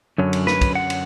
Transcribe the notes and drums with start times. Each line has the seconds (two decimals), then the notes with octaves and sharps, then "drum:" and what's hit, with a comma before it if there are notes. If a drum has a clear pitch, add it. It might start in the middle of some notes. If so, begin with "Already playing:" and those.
0.18 F#2 D3 F#3 C#4
0.33 drum: cymbal
0.47 B4, drum: snare
0.61 drum: kick, cymbal
0.75 F#5
0.90 drum: cymbal